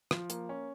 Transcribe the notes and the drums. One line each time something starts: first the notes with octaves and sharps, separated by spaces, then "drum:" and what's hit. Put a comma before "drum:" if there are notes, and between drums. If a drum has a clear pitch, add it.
F3, drum: rim click
A#3, drum: hi-hat
C#4